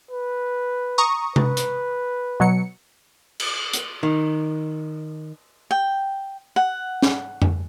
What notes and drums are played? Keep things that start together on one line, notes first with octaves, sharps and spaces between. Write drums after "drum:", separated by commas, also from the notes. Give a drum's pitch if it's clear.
B4
A#5 C#6 D#6
B4, drum: tom C3
drum: hi-hat
B2 F#3 C#7
drum: cymbal
drum: hi-hat
D#3
G5
F#5
drum: snare
drum: tom F2